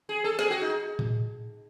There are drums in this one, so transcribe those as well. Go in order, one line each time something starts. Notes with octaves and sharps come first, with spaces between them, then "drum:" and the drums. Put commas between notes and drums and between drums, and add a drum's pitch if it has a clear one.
G#4
A4
G#4, drum: snare
F#4
D#4
drum: tom A2